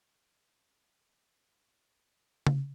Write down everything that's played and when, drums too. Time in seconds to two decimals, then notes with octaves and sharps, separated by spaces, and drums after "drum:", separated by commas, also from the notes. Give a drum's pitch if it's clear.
0.99 F#5 D6 A6
2.47 drum: tom C#3